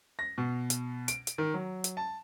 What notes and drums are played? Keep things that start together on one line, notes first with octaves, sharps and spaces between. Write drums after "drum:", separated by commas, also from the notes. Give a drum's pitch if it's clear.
A#6
B2
drum: hi-hat
D7, drum: hi-hat
drum: hi-hat
D#3
F#3
drum: hi-hat
A5